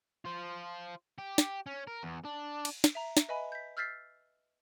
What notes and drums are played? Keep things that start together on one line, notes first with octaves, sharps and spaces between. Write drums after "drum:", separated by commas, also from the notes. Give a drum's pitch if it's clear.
F4 C5
G4
drum: snare
C#4
A#4
E2
D4
drum: cymbal
drum: snare
E5 A#5
drum: snare
B4 D#5 E5 G#5 B5
G6 B6
E6 F6 G6 A6 B6 C7